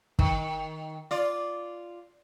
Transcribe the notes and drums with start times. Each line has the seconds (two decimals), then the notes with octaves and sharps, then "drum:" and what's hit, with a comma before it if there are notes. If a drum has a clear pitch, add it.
0.19 D#3, drum: kick
1.11 F4 D5